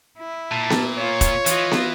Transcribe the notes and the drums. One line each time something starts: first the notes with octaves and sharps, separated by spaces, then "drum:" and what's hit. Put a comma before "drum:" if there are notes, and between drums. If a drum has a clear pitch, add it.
E4
A#2 A5
drum: snare B3
F4 C#5
drum: kick E1, hi-hat
E3 F4 D#5, drum: hi-hat
drum: snare B3